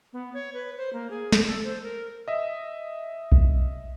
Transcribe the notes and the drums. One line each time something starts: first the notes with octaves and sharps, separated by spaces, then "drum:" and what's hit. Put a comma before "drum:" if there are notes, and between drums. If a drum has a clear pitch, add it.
B3
C#5
B4
C5
A#3
G#4
drum: snare
A4
C5
A#4
D#5 E5
drum: kick B1